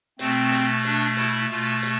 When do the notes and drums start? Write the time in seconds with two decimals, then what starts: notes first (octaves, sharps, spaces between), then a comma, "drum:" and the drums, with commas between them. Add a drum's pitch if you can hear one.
0.19 B2 A3 C4, drum: hi-hat
0.52 drum: hi-hat
0.85 D4, drum: hi-hat
1.17 E4, drum: hi-hat
1.50 B2 A3 F4
1.83 drum: hi-hat